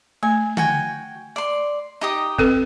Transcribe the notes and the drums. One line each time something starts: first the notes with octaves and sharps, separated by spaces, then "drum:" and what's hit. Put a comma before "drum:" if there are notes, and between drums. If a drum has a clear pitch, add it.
A3 G#5
F#4 G5 G#5, drum: tom D3
D5 C6
D#4 G4 D#6
C4 A4 B4, drum: kick